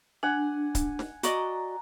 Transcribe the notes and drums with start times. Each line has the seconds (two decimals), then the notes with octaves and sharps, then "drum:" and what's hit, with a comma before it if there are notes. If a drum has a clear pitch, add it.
0.23 D4 F#5 G#5
0.75 drum: kick C#1, hi-hat
0.99 drum: snare
1.23 F#4 D5 D#5 A#5, drum: hi-hat